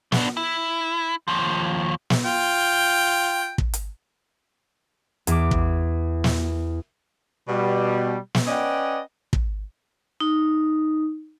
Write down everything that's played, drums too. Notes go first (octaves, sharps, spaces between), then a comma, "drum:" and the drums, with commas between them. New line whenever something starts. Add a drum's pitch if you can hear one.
B3 D4, drum: snare
E4
D#2 F3
drum: snare
F4 G5
drum: kick
drum: hi-hat
E2 D6, drum: hi-hat
drum: kick
drum: snare
B2 G3
drum: snare
C#4 B4 D5 D#5 F#5 G5
drum: kick
D#4